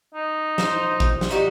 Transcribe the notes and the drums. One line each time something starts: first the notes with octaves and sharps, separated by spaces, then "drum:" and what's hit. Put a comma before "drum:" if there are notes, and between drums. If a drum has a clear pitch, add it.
D#4
C5, drum: snare
drum: kick A1
drum: snare
G3 D#4 F#4